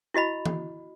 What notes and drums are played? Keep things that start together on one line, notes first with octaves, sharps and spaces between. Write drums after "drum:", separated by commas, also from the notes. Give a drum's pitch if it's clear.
E4 F#4 D#5 B5
drum: tom E3